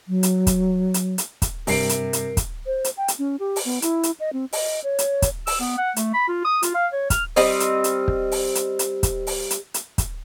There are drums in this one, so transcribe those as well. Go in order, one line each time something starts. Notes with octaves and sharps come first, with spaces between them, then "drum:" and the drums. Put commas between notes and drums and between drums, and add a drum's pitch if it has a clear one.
F#3
drum: hi-hat
drum: kick, hi-hat
drum: hi-hat
drum: hi-hat
drum: kick, hi-hat
G2 C3 G3 A#4 C7 D7, drum: open hi-hat
drum: hi-hat
drum: hi-hat
drum: kick, hi-hat
C5
drum: hi-hat
G5
drum: hi-hat
C#4
G4
drum: open hi-hat
B3
E4, drum: hi-hat
drum: hi-hat
D#5
C4
D#5, drum: open hi-hat
C#5
drum: hi-hat
drum: kick, hi-hat
E6, drum: open hi-hat
B3
F#5
A3, drum: hi-hat
B5
F4
D#6
F4, drum: hi-hat
F5
C#5
F6, drum: kick, hi-hat
G3 C4 D#5, drum: open hi-hat
drum: hi-hat
drum: hi-hat
drum: kick
drum: open hi-hat
drum: hi-hat
drum: hi-hat
drum: kick, hi-hat
drum: open hi-hat
drum: hi-hat
drum: hi-hat
drum: kick, hi-hat